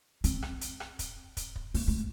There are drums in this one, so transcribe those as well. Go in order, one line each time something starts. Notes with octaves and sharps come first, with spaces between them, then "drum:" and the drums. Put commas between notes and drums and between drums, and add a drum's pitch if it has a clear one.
C4, drum: hi-hat
drum: rim click
drum: hi-hat
drum: rim click
drum: kick, hi-hat
drum: kick, hi-hat
drum: kick
A#3, drum: open hi-hat
A3